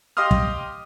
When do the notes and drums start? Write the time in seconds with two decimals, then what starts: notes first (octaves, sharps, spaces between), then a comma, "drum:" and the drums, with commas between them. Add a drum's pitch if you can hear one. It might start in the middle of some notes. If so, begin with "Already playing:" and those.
0.17 G4 D#5 F5 C6 D#6 F6
0.31 drum: kick